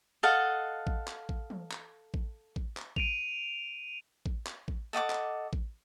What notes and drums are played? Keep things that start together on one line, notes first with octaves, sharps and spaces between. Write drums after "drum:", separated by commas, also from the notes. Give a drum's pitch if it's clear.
A4 D#5 F5 F#5
drum: kick A1
drum: clap
drum: kick A1
drum: tom E3
drum: clap
drum: kick A1
drum: kick A1
drum: clap
D7 D#7 F7, drum: kick A1
drum: kick A1
drum: clap
drum: kick A1
A4 D#5 F#5 D6
drum: clap
drum: kick A1